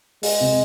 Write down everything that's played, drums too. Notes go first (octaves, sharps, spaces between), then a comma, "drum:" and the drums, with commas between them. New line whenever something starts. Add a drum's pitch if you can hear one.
G#3, drum: open hi-hat
C3